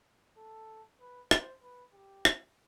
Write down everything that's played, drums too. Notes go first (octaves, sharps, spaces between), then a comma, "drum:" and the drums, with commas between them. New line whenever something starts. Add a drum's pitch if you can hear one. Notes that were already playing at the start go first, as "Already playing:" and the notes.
A4
B4
C5, drum: rim click
B4
G4
drum: rim click